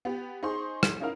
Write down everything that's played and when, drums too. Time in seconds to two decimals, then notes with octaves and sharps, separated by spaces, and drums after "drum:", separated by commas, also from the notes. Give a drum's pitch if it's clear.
0.05 B3 G4
0.43 D#4 G#4 C5 C6 C#6
0.83 drum: rim click
1.00 C#4 D#4 E4 A#4 F5